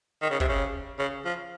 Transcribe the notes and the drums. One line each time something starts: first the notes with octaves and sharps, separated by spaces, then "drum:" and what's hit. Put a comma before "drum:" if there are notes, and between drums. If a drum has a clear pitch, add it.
D#3
C#3
C3, drum: kick
C#3
C#3
F3